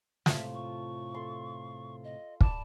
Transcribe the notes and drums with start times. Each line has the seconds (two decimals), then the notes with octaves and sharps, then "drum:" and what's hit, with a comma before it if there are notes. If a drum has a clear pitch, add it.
0.26 A2 C3 A3 F4 E5, drum: snare
0.54 C#6
1.14 A4 C6
2.04 D#5
2.41 D5 A5 B5, drum: kick